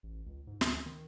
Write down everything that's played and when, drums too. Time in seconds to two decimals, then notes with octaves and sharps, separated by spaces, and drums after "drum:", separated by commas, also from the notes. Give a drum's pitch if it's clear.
0.03 A1
0.26 C#2
0.47 G#2
0.61 D2, drum: snare
0.86 D#3